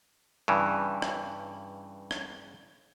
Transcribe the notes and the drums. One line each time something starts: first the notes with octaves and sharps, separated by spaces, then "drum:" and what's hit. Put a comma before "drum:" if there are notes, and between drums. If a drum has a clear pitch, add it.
G2 C#3 E3
drum: rim click
drum: rim click